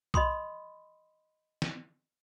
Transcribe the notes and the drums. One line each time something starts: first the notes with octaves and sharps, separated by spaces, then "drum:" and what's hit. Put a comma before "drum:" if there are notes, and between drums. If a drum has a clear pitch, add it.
D#5 B5 C6 D#6, drum: kick B1
drum: snare